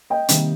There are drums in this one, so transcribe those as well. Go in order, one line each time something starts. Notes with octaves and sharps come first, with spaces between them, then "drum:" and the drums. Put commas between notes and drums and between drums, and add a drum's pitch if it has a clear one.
D#5 G5
C3 D#3 G3 A#3, drum: hi-hat